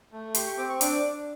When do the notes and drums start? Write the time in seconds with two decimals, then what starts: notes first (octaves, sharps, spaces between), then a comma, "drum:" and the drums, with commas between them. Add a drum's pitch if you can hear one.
0.12 A3
0.35 G4 C6, drum: hi-hat
0.46 C#6
0.58 C4 D6
0.69 C#6
0.81 D4 D6, drum: hi-hat
1.04 D4